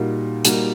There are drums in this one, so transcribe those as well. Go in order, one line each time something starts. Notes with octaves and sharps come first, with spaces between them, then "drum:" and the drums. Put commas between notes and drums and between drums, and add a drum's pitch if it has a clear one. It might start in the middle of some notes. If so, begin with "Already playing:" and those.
Already playing: A#2 G3 A#3 D#4 F#4
A#2 G3 A#3 D#4 F#4, drum: hi-hat